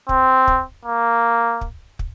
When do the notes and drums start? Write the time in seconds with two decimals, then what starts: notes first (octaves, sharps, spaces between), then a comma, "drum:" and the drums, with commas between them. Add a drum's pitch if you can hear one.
0.09 C4, drum: kick
0.47 drum: kick
0.85 A#3
1.61 drum: kick
1.99 drum: kick